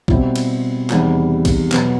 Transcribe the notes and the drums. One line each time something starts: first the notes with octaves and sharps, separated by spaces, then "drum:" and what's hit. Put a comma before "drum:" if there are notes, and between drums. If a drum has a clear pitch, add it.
B2 G3 C4 E4 G4, drum: kick B1
drum: cymbal
E2 C3 D#3 G3, drum: clap
drum: kick B1, cymbal
B2 F#3 B3, drum: clap